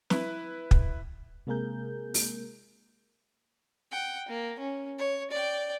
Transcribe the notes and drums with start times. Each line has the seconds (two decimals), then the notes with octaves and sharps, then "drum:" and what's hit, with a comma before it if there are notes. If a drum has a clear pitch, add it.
0.10 E4 B4, drum: snare
0.71 drum: kick
1.47 C3 G#3 A#3 G#4 A#4 G6
2.14 drum: open hi-hat
3.91 F#5 G5
4.28 A#3
4.59 C#4
4.98 C#5
5.31 D5 G5